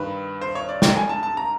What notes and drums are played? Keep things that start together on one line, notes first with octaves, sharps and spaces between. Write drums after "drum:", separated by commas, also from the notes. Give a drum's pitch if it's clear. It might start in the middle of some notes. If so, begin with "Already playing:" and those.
Already playing: G2 D#3 B4
C5
C#5
D5
G5, drum: snare
G#5
A5
A5
A#5